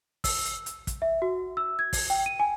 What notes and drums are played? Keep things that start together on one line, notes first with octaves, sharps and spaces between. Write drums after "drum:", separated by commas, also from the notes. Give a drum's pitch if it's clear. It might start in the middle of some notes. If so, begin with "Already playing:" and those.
E6, drum: kick, open hi-hat
drum: hi-hat
drum: hi-hat
drum: kick, hi-hat
E5
F#4
E6
G#6
drum: kick, open hi-hat
G5
D#7
G#5